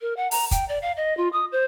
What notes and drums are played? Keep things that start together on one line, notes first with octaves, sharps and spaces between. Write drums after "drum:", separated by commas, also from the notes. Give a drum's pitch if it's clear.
A#4
F#5
A#5, drum: open hi-hat
G5, drum: kick, hi-hat
D5
F5
D#5
F4
D#6
C5